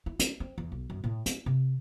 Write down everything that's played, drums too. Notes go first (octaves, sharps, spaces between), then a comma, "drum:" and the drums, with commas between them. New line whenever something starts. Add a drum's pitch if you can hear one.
E4
D#4, drum: hi-hat
C4
E2
B1
F#2
A2
E4, drum: hi-hat
C3